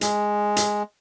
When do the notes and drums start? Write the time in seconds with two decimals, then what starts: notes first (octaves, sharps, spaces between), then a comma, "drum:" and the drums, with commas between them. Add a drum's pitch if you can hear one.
0.01 G#3, drum: hi-hat
0.56 drum: hi-hat